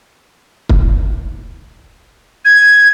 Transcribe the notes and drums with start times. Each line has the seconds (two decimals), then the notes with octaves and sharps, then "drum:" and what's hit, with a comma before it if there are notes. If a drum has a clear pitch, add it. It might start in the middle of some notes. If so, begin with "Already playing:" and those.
0.69 drum: kick
2.45 G#6